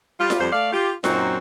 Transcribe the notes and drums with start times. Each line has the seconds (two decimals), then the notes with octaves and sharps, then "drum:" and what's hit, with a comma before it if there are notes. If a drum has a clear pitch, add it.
0.20 G3 F4
0.30 drum: snare F4
0.39 F2 G3 C5
0.52 A3 D5 F5
0.72 F4 G4
1.04 F#2 A#2 F#3 C4 D#4 F#4, drum: snare F4